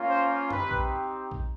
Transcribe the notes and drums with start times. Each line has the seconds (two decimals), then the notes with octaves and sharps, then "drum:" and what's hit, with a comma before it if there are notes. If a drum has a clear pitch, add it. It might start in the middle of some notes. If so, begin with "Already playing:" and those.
Already playing: A#3 C#4 F4
0.10 C5
0.50 C4 D#4 G4 B4, drum: tom
0.71 drum: kick A#1
1.31 drum: kick A#1